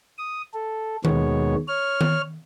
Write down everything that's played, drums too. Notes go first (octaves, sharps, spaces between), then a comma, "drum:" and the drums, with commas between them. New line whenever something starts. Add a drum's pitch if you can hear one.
D#6
A4
D#2 B2 D#3 G#3 B3 C#5, drum: tom D#3
C#5 F6
drum: tom D#3